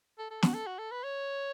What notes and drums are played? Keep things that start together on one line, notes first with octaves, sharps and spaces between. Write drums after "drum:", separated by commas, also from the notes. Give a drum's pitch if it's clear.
A4
A4
F#4, drum: snare
A4
F#4
A4
B4
C#5